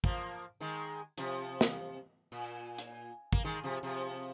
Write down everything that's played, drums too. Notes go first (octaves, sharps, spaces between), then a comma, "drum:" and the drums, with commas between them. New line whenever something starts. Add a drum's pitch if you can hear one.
F3 A#3, drum: kick
D#3 G#3
C3 F3, drum: hi-hat
drum: snare
A#2
drum: hi-hat
A#3, drum: kick
D#3 G#3
C3 F3
C3 F3